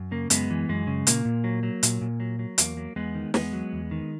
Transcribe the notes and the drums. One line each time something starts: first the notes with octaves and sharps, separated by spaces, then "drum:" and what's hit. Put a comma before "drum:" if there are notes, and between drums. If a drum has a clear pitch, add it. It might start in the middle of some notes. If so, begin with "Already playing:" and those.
Already playing: F#2
C#3 A#3
F#2 G#3 B3, drum: hi-hat
E3
F#2 G#3
C#3
A#2 A#3, drum: hi-hat
A#2
F#3
F#3
A#2, drum: hi-hat
A#2
F#3
F#3
E2 A#3, drum: hi-hat
F#3
E2 G#3 B3
D#3
E2 G#3 B3, drum: snare
F#3
E2
D#3